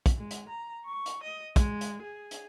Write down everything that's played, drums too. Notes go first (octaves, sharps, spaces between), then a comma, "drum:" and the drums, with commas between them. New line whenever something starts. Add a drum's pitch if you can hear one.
drum: kick, hi-hat
G#3
drum: hi-hat
A#5
C#6
drum: hi-hat
D#5
G#3, drum: kick, hi-hat
drum: hi-hat
G#4
drum: hi-hat